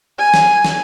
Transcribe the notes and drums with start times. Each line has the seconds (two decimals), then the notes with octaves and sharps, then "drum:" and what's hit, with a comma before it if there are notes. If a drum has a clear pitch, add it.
0.18 G#5
0.34 drum: snare
0.65 drum: snare